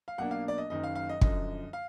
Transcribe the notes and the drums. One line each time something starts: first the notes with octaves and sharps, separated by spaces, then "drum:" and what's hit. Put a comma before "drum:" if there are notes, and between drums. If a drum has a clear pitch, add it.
F5
B1 B2 A#3 D4 F#5
F5
D5
D#5
F#1 F#2 D#3 D#5
F5
F5
D#5
F#2 D3 F3 D#5, drum: kick
F5